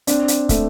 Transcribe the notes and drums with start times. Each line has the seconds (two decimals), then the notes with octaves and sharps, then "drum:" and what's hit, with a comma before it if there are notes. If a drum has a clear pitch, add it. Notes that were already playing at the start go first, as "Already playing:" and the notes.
0.07 C4 D4, drum: hi-hat
0.28 drum: hi-hat
0.49 A3, drum: kick, hi-hat